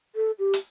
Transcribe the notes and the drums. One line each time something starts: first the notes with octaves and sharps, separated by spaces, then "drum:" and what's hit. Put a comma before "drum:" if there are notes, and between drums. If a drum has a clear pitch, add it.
A4
G4
drum: hi-hat